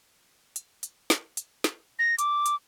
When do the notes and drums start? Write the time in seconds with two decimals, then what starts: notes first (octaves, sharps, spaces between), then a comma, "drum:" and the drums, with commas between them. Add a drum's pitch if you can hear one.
0.56 drum: hi-hat
0.83 drum: hi-hat
1.10 drum: snare
1.37 drum: hi-hat
1.64 drum: snare
1.99 A#6
2.19 D6, drum: hi-hat
2.46 drum: hi-hat